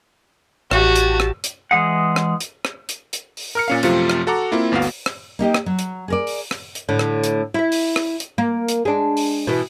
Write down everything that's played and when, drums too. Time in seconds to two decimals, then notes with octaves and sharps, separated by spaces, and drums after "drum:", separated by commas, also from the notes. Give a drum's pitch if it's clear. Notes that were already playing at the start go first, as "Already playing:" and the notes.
0.71 A1 F#4 G4 A5, drum: rim click
0.96 drum: hi-hat
1.20 drum: rim click
1.44 drum: hi-hat
1.71 E3 G#3 G#4 F#5
2.16 drum: rim click
2.40 drum: hi-hat
2.65 drum: rim click
2.89 drum: hi-hat
3.13 drum: hi-hat
3.37 drum: open hi-hat
3.55 A#4 F6 C#7
3.68 A#2 C#4 F5
3.83 F#2 C3 F3 A3 F4, drum: hi-hat
4.10 drum: rim click
4.27 F#4 A4 F#5 A#5 D6
4.52 A#3 C4 E4 F4
4.72 G1 D2 B3 F#4 F5
4.82 drum: open hi-hat
5.06 drum: rim click
5.39 A#3 D#4 G4 D#5
5.54 drum: rim click
5.66 F#3
5.79 drum: hi-hat
6.08 G#4 A#4 D5
6.27 drum: open hi-hat
6.51 drum: rim click
6.75 drum: hi-hat
6.89 A2 D3
6.99 drum: rim click
7.24 drum: hi-hat
7.54 E4 E5
7.72 drum: open hi-hat
7.96 drum: rim click
8.20 drum: hi-hat
8.38 A#3
8.68 drum: hi-hat
8.85 G#3 D4
9.17 drum: open hi-hat
9.47 B2 E3